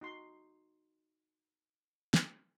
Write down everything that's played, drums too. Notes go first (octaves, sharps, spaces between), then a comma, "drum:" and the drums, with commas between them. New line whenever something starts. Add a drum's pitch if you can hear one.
D#4 F#4 C6
drum: snare